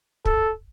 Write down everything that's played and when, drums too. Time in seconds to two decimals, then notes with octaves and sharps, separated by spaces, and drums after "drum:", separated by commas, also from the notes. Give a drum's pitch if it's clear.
0.25 A4, drum: kick